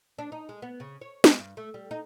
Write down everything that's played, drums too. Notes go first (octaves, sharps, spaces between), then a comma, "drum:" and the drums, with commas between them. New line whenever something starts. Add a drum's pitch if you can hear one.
D4
D#4
G#3
B3
C#3
C#5
G#3, drum: snare
G2
A3
G3
D#4